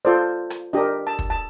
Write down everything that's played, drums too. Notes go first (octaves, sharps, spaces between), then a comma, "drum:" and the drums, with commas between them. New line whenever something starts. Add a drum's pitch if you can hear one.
F4 A4 C5 D5
drum: rim click
D4 G4 A#4 D#5
A5
drum: kick
A5